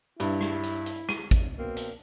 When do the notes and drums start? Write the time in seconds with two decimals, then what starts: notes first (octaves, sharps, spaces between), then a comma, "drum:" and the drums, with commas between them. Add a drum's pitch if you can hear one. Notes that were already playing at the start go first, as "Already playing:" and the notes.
0.20 G2 E4, drum: hi-hat
0.41 drum: rim click
0.63 drum: hi-hat
0.86 drum: hi-hat
1.09 D#7, drum: rim click
1.31 drum: kick, hi-hat
1.58 B2 A#3 C4
1.76 drum: hi-hat